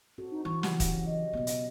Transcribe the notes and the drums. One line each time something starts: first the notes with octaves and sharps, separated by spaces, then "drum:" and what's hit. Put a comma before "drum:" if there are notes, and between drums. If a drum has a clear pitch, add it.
C4 F#4 A4
D#4
E3 C#6
C#3 F#3 G4 F#5, drum: snare
drum: kick, hi-hat
D#5
B2 B3
drum: hi-hat